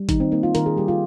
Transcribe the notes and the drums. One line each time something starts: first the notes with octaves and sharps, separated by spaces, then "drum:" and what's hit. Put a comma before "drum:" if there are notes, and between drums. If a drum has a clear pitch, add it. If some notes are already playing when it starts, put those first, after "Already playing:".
Already playing: G3
D#3 D#4, drum: kick G#1, hi-hat
C4
A#3 D#4
F4
D#3 A#4, drum: hi-hat
G#4
G3 G4
F4